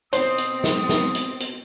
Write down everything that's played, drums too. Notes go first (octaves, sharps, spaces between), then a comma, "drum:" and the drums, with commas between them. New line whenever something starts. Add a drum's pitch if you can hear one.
B2 C4 C5 D#6, drum: hi-hat
drum: hi-hat
drum: snare
drum: snare
drum: hi-hat
drum: hi-hat